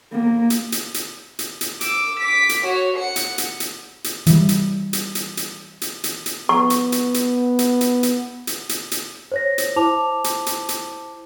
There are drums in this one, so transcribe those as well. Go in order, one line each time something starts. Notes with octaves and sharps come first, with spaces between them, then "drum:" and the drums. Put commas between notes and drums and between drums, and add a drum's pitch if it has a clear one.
A#3
drum: hi-hat
drum: hi-hat
drum: hi-hat
drum: hi-hat
drum: hi-hat
D6 E6, drum: hi-hat
D6 B6
drum: hi-hat
F#4 C#5
F#5 C#7
drum: hi-hat
drum: hi-hat
drum: hi-hat
drum: hi-hat
E3 G3, drum: hi-hat
drum: hi-hat
drum: hi-hat
drum: hi-hat
drum: hi-hat
drum: hi-hat
drum: hi-hat
drum: hi-hat
B3 C#6
drum: hi-hat
drum: hi-hat
drum: hi-hat
drum: hi-hat
drum: hi-hat
drum: hi-hat
drum: hi-hat
drum: hi-hat
drum: hi-hat
C5 C#5 A#6
drum: hi-hat
E4 C5 A5 D6 F7
drum: hi-hat
drum: hi-hat
drum: hi-hat